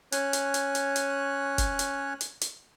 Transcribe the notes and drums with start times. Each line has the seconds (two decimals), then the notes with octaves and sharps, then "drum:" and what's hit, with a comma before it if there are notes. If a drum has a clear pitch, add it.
0.12 C#4 C#5 G#5 F#6, drum: hi-hat
0.33 drum: hi-hat
0.54 drum: hi-hat
0.75 drum: hi-hat
0.96 drum: hi-hat
1.58 drum: kick, hi-hat
1.79 drum: hi-hat
2.21 drum: hi-hat
2.41 drum: hi-hat